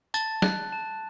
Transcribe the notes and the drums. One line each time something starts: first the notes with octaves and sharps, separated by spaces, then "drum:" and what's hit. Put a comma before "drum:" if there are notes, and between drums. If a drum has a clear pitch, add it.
A5 A6, drum: tambourine
F#6, drum: snare
A5